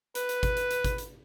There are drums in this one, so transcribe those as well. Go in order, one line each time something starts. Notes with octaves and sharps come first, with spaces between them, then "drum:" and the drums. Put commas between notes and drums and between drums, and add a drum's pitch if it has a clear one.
B4, drum: hi-hat
drum: hi-hat
drum: kick G#1, hi-hat
drum: hi-hat
drum: hi-hat
drum: kick G#1, hi-hat
drum: hi-hat